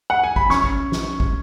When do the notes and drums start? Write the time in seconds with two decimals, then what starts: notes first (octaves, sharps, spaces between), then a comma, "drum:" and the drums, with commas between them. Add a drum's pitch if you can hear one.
0.10 F#5
0.23 G#5
0.36 B5, drum: kick
0.50 C#4 C#6, drum: snare
0.64 drum: kick
0.92 drum: snare
1.20 drum: kick